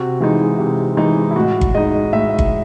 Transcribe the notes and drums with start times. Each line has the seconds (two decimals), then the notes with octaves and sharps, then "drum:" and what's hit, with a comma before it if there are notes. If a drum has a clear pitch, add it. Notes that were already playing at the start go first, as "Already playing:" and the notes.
Already playing: C3 F#4
0.20 E3 G#3 D#4
0.59 C3
0.97 E3 G#3 D#4
1.31 E4
1.36 A2 F#4
1.61 drum: kick G1
1.74 G#3 D#4 D#5
2.13 A2 E5
2.39 drum: kick G1